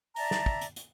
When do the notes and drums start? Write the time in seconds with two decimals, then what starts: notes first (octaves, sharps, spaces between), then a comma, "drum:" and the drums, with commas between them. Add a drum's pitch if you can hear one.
0.16 D5 E5 A5 A#5, drum: open hi-hat
0.31 drum: snare
0.46 drum: kick
0.61 drum: hi-hat
0.76 drum: hi-hat